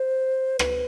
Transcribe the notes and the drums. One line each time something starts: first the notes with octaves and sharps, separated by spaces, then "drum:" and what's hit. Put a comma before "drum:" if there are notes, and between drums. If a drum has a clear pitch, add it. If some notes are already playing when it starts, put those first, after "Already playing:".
Already playing: C5
B4, drum: rim click